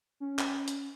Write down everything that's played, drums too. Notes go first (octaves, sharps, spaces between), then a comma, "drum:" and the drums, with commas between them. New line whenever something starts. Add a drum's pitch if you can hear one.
C#4
drum: clap
drum: hi-hat